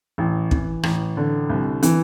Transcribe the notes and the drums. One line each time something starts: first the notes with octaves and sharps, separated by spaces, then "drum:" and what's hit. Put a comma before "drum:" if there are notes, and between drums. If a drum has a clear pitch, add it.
A1
E3, drum: kick
A1, drum: rim click
D3
C2
E3, drum: hi-hat